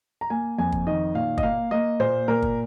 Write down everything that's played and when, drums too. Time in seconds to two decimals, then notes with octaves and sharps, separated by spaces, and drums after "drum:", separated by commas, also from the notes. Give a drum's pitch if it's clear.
0.21 A#5
0.30 A#3 G#5
0.58 F2 G#5
0.72 drum: kick
0.87 D#3 D#5
1.15 A#2 F5
1.38 D#5, drum: kick
1.43 A#3 F5
1.71 A#3 D#5
2.00 A#2 C5
2.28 A#2 A#4
2.42 drum: kick